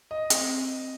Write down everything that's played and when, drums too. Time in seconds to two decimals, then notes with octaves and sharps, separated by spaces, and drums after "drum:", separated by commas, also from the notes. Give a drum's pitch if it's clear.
0.11 D#5
0.30 C4, drum: hi-hat